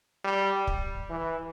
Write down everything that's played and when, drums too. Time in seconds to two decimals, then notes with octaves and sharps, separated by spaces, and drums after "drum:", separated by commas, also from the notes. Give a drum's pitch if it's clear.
0.25 G3
0.67 drum: kick
1.10 E3